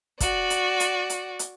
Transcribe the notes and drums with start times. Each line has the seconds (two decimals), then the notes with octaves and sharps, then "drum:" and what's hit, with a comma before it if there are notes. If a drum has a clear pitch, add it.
0.20 F#4 D5, drum: kick, hi-hat
0.50 drum: hi-hat
0.80 drum: hi-hat
1.10 drum: hi-hat
1.39 drum: hi-hat